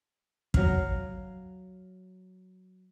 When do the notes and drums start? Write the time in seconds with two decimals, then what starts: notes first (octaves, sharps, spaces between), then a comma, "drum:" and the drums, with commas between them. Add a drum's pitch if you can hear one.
0.54 F#3 F5, drum: kick